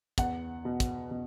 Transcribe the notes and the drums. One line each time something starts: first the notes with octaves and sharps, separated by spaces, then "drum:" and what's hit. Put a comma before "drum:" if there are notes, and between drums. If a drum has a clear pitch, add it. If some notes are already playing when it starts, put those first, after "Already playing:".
E2 F#5, drum: kick, hi-hat
B2
drum: kick, hi-hat
B2